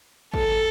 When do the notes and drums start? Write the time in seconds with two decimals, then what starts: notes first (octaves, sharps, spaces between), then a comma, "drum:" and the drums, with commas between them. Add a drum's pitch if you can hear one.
0.34 A4, drum: kick